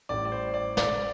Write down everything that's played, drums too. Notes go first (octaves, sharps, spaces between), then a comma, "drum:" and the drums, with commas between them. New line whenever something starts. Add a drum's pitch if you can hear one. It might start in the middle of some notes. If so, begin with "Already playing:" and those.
A1 A2 G3 D5
D5
C5
D5
D5, drum: snare